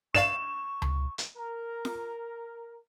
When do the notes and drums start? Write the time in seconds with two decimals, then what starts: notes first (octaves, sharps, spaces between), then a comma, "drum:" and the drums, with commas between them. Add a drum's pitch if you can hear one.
0.14 G2 D5 F5 C#6 E7, drum: kick
0.82 drum: tom C#2
1.18 drum: hi-hat
1.37 A#4 A#5
1.85 drum: snare